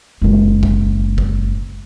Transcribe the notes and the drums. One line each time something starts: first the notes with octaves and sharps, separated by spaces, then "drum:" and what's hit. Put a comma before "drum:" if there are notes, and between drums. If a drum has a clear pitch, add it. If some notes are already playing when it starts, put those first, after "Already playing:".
F#1 G#3
drum: kick G#1
drum: kick G#1